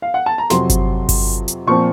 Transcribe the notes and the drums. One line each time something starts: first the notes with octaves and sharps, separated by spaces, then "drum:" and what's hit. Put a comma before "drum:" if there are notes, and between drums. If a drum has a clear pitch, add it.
F5
F#5
A5
A#5
F2 C3 F#3 C4 C6, drum: snare
drum: kick G1, hi-hat
drum: kick G1, open hi-hat
drum: hi-hat
A#2 F3 C4 C#6